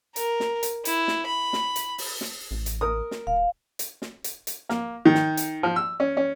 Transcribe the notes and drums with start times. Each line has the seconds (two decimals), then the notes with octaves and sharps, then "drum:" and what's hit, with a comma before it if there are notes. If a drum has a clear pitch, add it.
0.16 A#4, drum: hi-hat
0.40 drum: snare
0.63 drum: hi-hat
0.85 E4, drum: hi-hat
1.08 drum: snare
1.27 B5
1.53 drum: snare
1.76 drum: hi-hat
1.98 drum: open hi-hat
2.21 drum: snare
2.51 A1
2.66 drum: hi-hat
2.81 A#4 D#6
3.11 drum: snare
3.27 D#1 F5
3.79 drum: hi-hat
4.02 drum: snare
4.24 drum: hi-hat
4.47 drum: hi-hat
4.69 A#3, drum: snare
5.05 D#3
5.15 drum: snare
5.37 drum: hi-hat
5.63 F3
5.76 E6
6.00 C#4
6.17 C#4